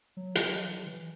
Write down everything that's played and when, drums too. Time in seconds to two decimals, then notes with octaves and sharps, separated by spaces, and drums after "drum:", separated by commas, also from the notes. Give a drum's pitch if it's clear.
0.17 F#3
0.35 E3, drum: hi-hat
0.52 F#3
0.87 E3